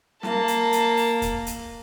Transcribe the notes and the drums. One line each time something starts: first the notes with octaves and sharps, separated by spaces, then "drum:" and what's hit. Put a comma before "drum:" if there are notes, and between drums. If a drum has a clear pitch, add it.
A#3 A5, drum: snare
drum: hi-hat
drum: hi-hat
drum: open hi-hat
drum: kick, hi-hat
drum: hi-hat